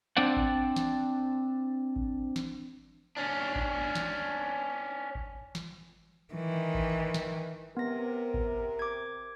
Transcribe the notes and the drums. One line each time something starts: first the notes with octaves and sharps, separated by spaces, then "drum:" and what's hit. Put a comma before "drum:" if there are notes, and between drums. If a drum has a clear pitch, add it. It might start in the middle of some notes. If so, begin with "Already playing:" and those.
C4 D4 C5 D5 F#5
drum: kick G#1
drum: snare
drum: kick G#1
drum: snare
C#4 D4
drum: kick G#1
drum: snare
drum: kick G#1
drum: snare
D#3 E3
drum: kick G#1
drum: snare
C3 B3 A#4 A#6
drum: kick G#1
D6 G#6